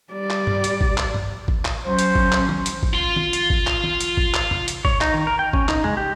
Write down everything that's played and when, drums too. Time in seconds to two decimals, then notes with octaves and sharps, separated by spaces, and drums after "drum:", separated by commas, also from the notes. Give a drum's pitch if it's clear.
0.13 G3 D5
0.30 drum: clap
0.47 drum: tom G2
0.64 drum: hi-hat
0.81 drum: kick
0.98 drum: clap
1.14 drum: tom G2
1.48 drum: kick
1.65 drum: clap
1.85 F#3 C#4 C5
1.99 drum: hi-hat
2.15 drum: kick
2.32 drum: clap
2.49 drum: tom
2.66 drum: hi-hat
2.83 drum: kick
2.94 F4 C6
3.16 drum: tom
3.33 drum: hi-hat
3.50 drum: kick
3.67 drum: clap
3.84 drum: tom
4.00 drum: hi-hat
4.17 drum: kick
4.34 drum: clap
4.51 drum: tom F2
4.68 drum: hi-hat
4.85 C#5, drum: kick
5.01 D#4, drum: clap
5.14 D#3
5.27 A#4
5.39 G5
5.53 C#4, drum: kick
5.69 D#4, drum: clap
5.84 G#3, drum: tom F2
5.97 G4